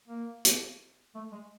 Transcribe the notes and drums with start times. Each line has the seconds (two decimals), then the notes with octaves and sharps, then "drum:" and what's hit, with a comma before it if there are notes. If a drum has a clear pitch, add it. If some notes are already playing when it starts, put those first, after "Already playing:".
0.08 A#3
0.45 drum: hi-hat
1.15 A3
1.32 G#3